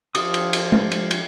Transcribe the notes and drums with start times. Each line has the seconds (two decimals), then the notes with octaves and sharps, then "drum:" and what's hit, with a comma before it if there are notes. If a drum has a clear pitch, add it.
0.15 F3 F4 G4 D#6, drum: cymbal
0.34 drum: cymbal
0.53 drum: cymbal
0.72 drum: tom G#3
0.92 drum: cymbal
1.11 drum: cymbal